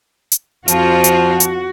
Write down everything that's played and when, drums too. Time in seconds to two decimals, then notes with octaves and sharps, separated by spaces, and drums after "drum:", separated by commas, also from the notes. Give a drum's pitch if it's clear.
0.32 drum: hi-hat
0.68 F2 F3 F4 F#4 C5, drum: hi-hat
1.04 drum: hi-hat
1.40 drum: hi-hat